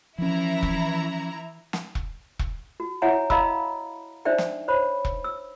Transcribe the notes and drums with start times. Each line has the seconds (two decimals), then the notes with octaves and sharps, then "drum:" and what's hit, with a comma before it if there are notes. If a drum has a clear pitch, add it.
0.18 E3 F3 C#4 E4 A#5
0.63 drum: kick E1
1.73 drum: snare
1.95 drum: kick E1
2.39 drum: kick E1
2.80 F#4
3.02 E4 C#5 E5 F#5 G#5 A#5
3.30 D#5 F5 A#5 B5 E6, drum: kick E1
4.25 D4 D#4 C5 D5 E5 G5
4.38 drum: snare
4.68 C5 C#5 B5
5.05 drum: kick E1
5.24 E6